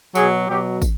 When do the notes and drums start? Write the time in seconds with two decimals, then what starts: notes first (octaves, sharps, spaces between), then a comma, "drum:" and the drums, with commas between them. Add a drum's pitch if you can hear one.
0.15 B2 F#3 G#4, drum: tambourine
0.49 B2 F#3 G4
0.82 drum: kick, tambourine